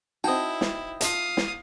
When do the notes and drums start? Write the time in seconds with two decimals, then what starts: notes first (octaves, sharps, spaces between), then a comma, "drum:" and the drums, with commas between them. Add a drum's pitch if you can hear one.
0.24 C4 D#4 E4 F#4 D#5 G5
0.61 drum: snare
1.01 F4 E5 F5 A5 D#6, drum: hi-hat
1.37 drum: snare